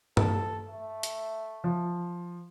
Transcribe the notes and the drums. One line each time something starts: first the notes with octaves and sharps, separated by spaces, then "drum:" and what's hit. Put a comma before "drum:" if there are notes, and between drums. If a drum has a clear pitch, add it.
A4, drum: tom G2
A3
drum: hi-hat
F3